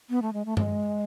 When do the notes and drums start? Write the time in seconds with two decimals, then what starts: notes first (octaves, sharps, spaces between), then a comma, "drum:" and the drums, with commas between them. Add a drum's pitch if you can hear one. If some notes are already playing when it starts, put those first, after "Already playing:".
0.10 B3
0.22 A3
0.33 G#3
0.45 A3
0.57 A3, drum: tom G2
0.61 G#3